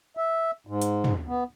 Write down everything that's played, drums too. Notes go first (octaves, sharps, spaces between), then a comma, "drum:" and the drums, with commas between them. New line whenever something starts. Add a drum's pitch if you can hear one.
E5
G#2
drum: hi-hat
drum: tom
B3